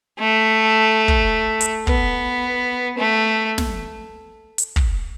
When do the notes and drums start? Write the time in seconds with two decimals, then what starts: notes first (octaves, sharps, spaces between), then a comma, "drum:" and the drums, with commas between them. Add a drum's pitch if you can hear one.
0.19 A3
1.08 drum: kick
1.61 drum: hi-hat
1.87 B3, drum: kick
2.98 A3
3.58 drum: snare
4.58 drum: hi-hat
4.76 drum: kick